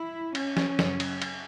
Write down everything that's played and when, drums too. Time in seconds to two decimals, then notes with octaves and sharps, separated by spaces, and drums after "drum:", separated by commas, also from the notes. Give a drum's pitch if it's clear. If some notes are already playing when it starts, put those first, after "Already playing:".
Already playing: E4
0.35 C#4, drum: cymbal
0.57 drum: snare
0.79 F#2 C#3 F#3, drum: snare
1.00 drum: cymbal
1.22 drum: cymbal